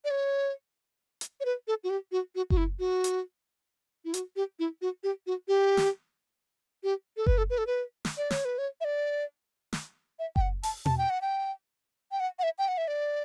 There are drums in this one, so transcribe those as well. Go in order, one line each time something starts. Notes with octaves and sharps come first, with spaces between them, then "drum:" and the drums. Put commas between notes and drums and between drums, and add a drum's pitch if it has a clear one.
D5
C#5
drum: hi-hat
C#5
B4
A4
F#4
G4
F#4
F#4
F#4, drum: kick F#1
E4
F#4
drum: hi-hat
E4
F#4, drum: hi-hat
G4
E4
F#4
G4
F#4
G4
drum: snare
G4
A4
B4, drum: kick F#1
A4
B4
A4
B4
drum: snare
D5
C#5, drum: snare
B4
C#5
E5
D5
drum: snare
E5
G5, drum: kick F#1
F#5
A5, drum: open hi-hat
A5, drum: tom B2
G5
F#5
G5
G5
F#5
F#5
E5
G5
F#5
E5
D5